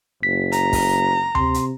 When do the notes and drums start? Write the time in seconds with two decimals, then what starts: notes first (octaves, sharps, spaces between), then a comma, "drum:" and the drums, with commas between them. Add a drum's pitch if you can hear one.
0.23 F#1 B6
0.52 A#5, drum: hi-hat
0.73 drum: kick, open hi-hat
1.35 C3 C6, drum: tom D2
1.54 drum: hi-hat